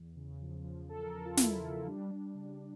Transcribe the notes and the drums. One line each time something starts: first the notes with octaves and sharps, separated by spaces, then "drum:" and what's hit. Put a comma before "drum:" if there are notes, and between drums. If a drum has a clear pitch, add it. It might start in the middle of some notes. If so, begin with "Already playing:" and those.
Already playing: E2
C#3
F3
F3
F3 A4
A#4
E2 A4
F4
F3 E4, drum: snare
E2
G3 D4
G3
C#3